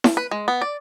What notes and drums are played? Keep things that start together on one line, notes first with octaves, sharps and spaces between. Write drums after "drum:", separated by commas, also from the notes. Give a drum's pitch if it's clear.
drum: snare E4
B4
G#3
B3
D5